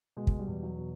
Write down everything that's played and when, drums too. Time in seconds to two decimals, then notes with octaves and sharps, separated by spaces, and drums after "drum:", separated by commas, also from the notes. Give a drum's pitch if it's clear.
0.17 B2 G#3
0.27 drum: kick
0.39 G3
0.48 E2
0.63 F#3
0.78 B2